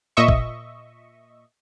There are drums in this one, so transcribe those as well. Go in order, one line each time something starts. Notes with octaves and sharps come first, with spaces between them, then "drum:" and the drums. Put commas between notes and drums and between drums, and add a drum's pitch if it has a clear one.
A#2 D#5 E5 C#6
drum: kick